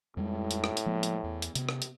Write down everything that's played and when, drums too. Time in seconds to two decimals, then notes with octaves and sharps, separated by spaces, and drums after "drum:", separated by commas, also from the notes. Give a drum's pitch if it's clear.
0.17 F2 A2 G3 G#3
0.51 drum: hi-hat
0.64 drum: rim click
0.77 drum: hi-hat
0.86 F3 G#3 A#3
1.03 drum: hi-hat
1.24 E2
1.42 drum: hi-hat
1.55 C3 B3, drum: hi-hat
1.69 drum: rim click
1.82 drum: hi-hat